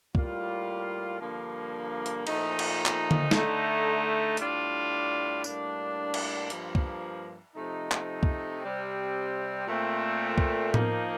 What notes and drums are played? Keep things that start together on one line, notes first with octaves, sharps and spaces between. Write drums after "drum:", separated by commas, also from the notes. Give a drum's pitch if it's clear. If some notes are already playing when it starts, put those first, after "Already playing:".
A2 G3 A#3 F4, drum: kick
G2 D3 F3 A#3
drum: hi-hat
A#2 F3 A3 D#4, drum: cymbal
drum: cymbal
drum: clap
drum: tom D3
D3 A3 D#4, drum: snare
A2 G3 D4 F4, drum: hi-hat
A2 G3 A#3 D4, drum: tambourine
drum: cymbal
G2 F3 A#3, drum: hi-hat
drum: kick
C3 F3 A3 D#4
drum: clap
drum: kick
C3 G3 C4
A#2 A3 C4
drum: kick
F3 A#3 D#4, drum: tom A2